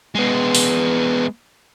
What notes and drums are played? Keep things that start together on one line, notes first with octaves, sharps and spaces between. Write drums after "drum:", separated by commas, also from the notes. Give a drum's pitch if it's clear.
G#3 B3
drum: open hi-hat